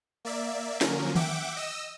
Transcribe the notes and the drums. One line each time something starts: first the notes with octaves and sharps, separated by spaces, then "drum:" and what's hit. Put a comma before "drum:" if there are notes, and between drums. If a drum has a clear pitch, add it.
A#3 D5 E5
D3 F3 F#3 A#3 C#4 A#4, drum: snare
E5 F#5 G5 D6, drum: tom D#3
D#5 E6